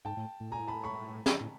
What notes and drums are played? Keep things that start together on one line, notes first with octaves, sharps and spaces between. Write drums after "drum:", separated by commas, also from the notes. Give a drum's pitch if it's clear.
G#2 G5 A5
A2
A2
A#2 G#5 A#5
A2
A5 B5
B5 C#6
drum: snare
A2